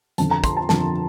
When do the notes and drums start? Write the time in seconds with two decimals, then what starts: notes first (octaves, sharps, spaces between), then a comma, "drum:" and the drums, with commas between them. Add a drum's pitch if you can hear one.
0.18 F2 D3 F3 A5, drum: hi-hat
0.31 A#5
0.44 C6, drum: kick, hi-hat
0.57 A5
0.69 F2 D3 F3 A5, drum: snare